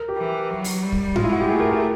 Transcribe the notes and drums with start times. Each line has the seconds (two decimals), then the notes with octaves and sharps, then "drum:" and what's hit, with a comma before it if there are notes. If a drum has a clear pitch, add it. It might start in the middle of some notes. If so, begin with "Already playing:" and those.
Already playing: A#4
0.08 G4
0.16 E3
0.50 F#3
0.64 drum: open hi-hat
0.82 G3
0.92 drum: kick
1.16 G#3 F4, drum: tom G2
1.24 E4
1.32 F#4
1.40 G4
1.49 A3 G#4
1.59 A#4
1.71 A#4